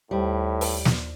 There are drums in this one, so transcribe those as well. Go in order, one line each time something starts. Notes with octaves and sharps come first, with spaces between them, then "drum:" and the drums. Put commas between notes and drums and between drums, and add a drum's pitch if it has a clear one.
D#2 A2 G3 C5
drum: open hi-hat
drum: snare